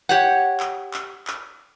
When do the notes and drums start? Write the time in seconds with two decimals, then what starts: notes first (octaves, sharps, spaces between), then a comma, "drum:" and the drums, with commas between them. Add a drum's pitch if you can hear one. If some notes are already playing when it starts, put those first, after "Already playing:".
0.09 G4 C#5 F#5
0.60 drum: clap
0.94 drum: clap
1.27 drum: clap